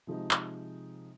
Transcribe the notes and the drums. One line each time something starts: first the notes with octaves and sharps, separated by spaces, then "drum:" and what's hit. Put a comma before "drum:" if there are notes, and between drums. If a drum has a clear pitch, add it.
C3 F3 G#3 D#4
drum: clap